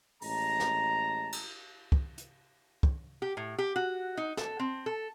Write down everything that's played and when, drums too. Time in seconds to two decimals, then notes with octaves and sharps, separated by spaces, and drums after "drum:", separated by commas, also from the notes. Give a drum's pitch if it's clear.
0.22 A1 G#3 A5 A#5, drum: open hi-hat
0.60 drum: snare
1.32 drum: cymbal
1.92 drum: kick
2.18 drum: hi-hat
2.83 drum: kick
3.22 G4
3.37 A2
3.58 G4
3.76 F#4
4.17 D#4
4.37 A4, drum: snare
4.59 C4
4.86 A4